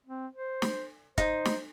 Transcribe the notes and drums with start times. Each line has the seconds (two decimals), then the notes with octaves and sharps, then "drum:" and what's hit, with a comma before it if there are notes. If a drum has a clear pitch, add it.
0.06 C4
0.34 C5
0.62 drum: snare
1.18 D#4 C5, drum: kick, hi-hat
1.45 drum: snare